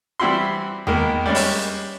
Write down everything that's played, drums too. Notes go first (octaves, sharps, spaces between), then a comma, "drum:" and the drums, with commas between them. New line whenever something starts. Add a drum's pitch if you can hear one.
E3 G3 C4 E4 F#4 C6
D#3 G#3 A#3 B3, drum: tom E2
G3 G#3 C#4
drum: open hi-hat